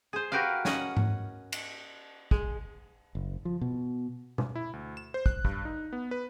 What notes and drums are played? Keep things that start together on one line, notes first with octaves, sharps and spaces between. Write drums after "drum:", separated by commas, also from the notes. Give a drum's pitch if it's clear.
G#4 C5
F#4 G4 A#4 B4 F5
C#4 D#5 F#5, drum: snare
drum: tom G#2
drum: cymbal
G#3, drum: kick
F#1
F3
B2
drum: tom B2
E4
D2
E7
C5
F#6, drum: kick
G2, drum: kick
D#4
B3
B4